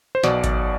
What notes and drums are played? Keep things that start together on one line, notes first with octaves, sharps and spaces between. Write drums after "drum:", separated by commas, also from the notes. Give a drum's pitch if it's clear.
C5
B1 B2 D5, drum: snare
drum: kick G#1, hi-hat